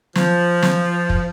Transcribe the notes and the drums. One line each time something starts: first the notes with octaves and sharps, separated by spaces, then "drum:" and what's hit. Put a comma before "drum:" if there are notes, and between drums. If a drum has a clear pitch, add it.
F3, drum: snare
drum: snare
drum: kick